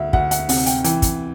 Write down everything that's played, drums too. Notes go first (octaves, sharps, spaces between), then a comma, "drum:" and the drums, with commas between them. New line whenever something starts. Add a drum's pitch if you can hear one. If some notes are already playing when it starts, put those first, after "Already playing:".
Already playing: D2 E5
D2 F#5, drum: kick
F#5, drum: hi-hat
C3 F#5, drum: open hi-hat
G5, drum: hi-hat
E3 G5, drum: hi-hat
drum: kick, hi-hat